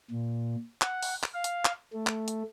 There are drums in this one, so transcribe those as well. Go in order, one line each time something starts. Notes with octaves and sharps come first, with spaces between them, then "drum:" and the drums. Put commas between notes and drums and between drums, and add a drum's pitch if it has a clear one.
A#2
F#5, drum: clap
drum: open hi-hat
drum: clap
F5
drum: hi-hat
drum: clap
A3
drum: clap
drum: hi-hat